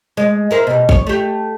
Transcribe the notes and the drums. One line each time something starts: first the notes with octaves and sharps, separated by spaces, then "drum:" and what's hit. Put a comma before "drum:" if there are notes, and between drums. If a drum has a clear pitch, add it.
G#3
E4 A#4 C5
B2 G3
C#5, drum: kick A1
A3 G4